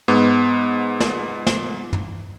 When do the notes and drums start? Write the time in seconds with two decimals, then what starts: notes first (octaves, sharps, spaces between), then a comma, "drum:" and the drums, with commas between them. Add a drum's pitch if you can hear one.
0.08 G#2 B3
1.00 drum: snare
1.47 drum: snare
1.93 drum: tom